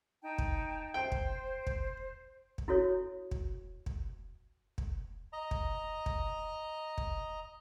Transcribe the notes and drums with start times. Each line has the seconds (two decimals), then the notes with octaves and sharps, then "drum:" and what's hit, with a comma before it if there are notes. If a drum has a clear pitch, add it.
0.24 D#4 G5 A5
0.38 drum: kick
0.94 C5 G5
1.12 drum: kick
1.67 drum: kick
2.58 drum: kick
2.68 E4 F#4 A4 C#5
3.31 drum: kick
3.86 drum: kick
4.78 drum: kick
5.33 D#5 A#5
5.51 drum: kick
6.06 drum: kick
6.98 drum: kick